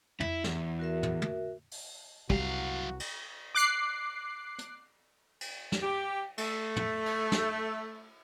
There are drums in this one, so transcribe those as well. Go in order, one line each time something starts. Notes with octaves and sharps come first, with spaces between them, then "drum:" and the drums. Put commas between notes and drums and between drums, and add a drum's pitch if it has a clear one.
E4, drum: tom
E2, drum: snare
F#4 A#4 E5
drum: tom
drum: tom
drum: open hi-hat
C2 F#3 G3 F#4 F5, drum: kick
drum: cymbal
D6 F#6 C7
drum: hi-hat
drum: cymbal
drum: snare
G4
A3, drum: cymbal
drum: tom
drum: cymbal
drum: snare